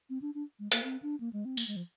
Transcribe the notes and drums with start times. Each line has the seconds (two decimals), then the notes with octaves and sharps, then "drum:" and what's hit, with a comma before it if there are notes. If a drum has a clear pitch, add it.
0.10 C4
0.22 D4
0.35 D4
0.59 G#3
0.72 A#3, drum: hi-hat
0.84 C4
1.03 D4
1.20 A#3
1.33 G#3
1.45 C4
1.57 A#3, drum: tambourine
1.68 G#3
1.76 F3